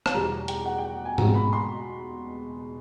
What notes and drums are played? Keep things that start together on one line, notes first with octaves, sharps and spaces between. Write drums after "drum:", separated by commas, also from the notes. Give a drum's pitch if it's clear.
A5, drum: rim click
E2 B2 G3 A#5
G5, drum: hi-hat
F#5
G5
G#5
B2 G#3 A#5, drum: tom G#2
B5
C6